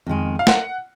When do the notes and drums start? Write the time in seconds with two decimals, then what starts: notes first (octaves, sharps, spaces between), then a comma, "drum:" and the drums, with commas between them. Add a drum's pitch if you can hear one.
0.06 F2 D#3 G#3
0.39 F5
0.47 F#5, drum: snare